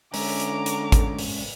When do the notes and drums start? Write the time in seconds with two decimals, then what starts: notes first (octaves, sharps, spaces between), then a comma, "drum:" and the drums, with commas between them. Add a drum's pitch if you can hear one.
0.14 D3 G#3 C#4 E5 A#5 D6, drum: open hi-hat
0.40 drum: hi-hat
0.66 drum: hi-hat
0.92 drum: kick, hi-hat
1.19 drum: open hi-hat